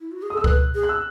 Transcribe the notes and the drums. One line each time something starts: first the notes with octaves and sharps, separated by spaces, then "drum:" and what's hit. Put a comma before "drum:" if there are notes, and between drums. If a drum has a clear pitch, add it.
E4
F#4
G#4
D#6
A4 E6
B4 F#6, drum: kick C#2
G#4
F#6
E6